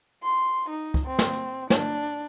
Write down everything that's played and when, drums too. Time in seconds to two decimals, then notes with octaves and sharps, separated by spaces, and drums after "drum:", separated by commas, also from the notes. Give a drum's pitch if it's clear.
0.23 C6
0.70 D#4
0.94 drum: kick C#2
1.06 C4
1.19 drum: snare
1.33 drum: hi-hat
1.70 D4, drum: snare